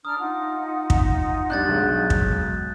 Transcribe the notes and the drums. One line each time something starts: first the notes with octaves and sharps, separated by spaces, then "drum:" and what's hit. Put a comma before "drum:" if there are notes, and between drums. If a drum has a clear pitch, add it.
D4 A#5 D#6 F6
D#4 F4 F#5
drum: kick
G3 D4 F#6 G6 A6
B1 G#3
drum: kick